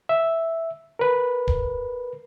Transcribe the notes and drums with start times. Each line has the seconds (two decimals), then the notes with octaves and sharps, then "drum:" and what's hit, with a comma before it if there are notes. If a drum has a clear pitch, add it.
0.09 E5
0.99 A#4 B4
1.48 drum: kick D1